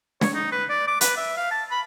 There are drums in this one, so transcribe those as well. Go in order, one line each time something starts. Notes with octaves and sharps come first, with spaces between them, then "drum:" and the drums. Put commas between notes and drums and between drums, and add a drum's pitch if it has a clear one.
C#5, drum: snare
D#4
B4
D5
D6
B4, drum: hi-hat
E5
F5
A5
B5